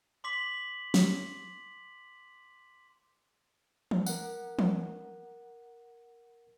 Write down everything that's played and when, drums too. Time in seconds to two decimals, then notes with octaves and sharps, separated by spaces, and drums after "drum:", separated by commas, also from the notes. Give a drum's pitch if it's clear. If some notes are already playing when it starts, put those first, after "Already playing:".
0.24 C6 D6 B6 F#7
0.94 drum: snare
3.91 drum: tom E3
4.06 A#4 F#5, drum: tambourine
4.59 drum: tom E3